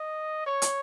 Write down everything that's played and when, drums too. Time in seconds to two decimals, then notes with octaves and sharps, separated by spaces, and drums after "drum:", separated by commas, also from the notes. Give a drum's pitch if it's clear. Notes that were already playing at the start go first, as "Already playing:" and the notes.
Already playing: D#5
0.46 C#5
0.62 drum: hi-hat